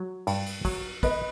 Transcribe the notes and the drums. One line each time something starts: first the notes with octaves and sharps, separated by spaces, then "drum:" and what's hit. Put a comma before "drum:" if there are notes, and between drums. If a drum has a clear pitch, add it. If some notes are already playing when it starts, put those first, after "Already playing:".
Already playing: F#3
G2, drum: cymbal
drum: cymbal
F#3, drum: kick, cymbal
B3 B4 D#5, drum: kick, cymbal